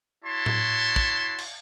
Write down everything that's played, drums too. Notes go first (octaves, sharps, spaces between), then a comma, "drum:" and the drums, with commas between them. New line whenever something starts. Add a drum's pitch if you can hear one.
E4 F#4 C#5 A5 C6
drum: tom A2
drum: kick
drum: cymbal